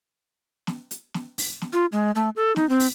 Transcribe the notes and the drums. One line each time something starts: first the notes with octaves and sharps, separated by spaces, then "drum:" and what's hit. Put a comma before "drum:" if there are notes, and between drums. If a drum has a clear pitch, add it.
drum: snare
drum: hi-hat
drum: snare
drum: open hi-hat
drum: snare
F4
G#3
A3
A4
D#4, drum: snare
C4
drum: open hi-hat